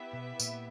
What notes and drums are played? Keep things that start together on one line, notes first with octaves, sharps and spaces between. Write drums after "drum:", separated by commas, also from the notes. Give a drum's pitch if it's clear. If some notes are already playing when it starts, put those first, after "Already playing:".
Already playing: B3 E4 G4 B4 E5
B2
A#2, drum: tambourine